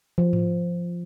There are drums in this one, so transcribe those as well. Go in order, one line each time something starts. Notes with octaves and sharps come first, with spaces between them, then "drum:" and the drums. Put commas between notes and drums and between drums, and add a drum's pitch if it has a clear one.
F3
drum: tom G#2